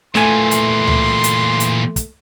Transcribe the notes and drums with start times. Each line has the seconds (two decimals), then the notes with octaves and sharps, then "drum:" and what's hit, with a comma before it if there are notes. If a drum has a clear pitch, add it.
0.15 A#2 E3 A3 G#5 C6, drum: snare
0.51 drum: hi-hat
0.87 drum: tom C#2
1.24 drum: hi-hat
1.60 drum: hi-hat
1.96 drum: kick, hi-hat